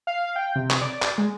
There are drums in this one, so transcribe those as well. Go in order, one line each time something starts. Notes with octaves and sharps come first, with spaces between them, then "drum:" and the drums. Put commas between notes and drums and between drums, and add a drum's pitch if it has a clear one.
F5
G5
C3
drum: clap
D5
drum: clap
G#3